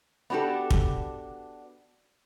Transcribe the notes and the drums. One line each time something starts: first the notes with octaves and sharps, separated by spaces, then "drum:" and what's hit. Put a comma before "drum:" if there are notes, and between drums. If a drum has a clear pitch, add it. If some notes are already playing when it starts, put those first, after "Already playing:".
B3 D4 F#4 G4 A4
drum: kick